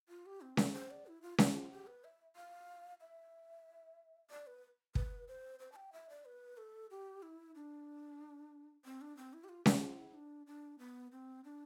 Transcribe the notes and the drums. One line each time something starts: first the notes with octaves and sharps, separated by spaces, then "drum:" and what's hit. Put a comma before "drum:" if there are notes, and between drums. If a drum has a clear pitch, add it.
F4
G4
C4
A4, drum: snare C#4
C5
D5
E4
F4
E4, drum: snare C#4
F4
G4
B4
E5
F5
E5
D5
B4
B4, drum: kick
C5
C5
A5
G5
E5
D5
B4
A4
G4
E4
D4
C4
D4
C4
E4
G4
F4
G4, drum: snare C#4
F4
E4
D4
D4
B3
C4
D4